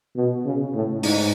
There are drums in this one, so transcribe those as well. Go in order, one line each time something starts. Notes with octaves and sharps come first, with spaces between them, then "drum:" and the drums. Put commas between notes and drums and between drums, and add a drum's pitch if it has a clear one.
B2
C#3
A2
G#2, drum: open hi-hat